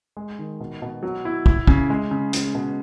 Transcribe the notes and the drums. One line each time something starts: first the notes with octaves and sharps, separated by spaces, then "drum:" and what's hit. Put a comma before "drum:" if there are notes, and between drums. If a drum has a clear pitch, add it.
G#3
D#3
B2
B2
F#3
E4
E4, drum: kick
C#3, drum: kick
G#3
C#3
G#3, drum: hi-hat
B2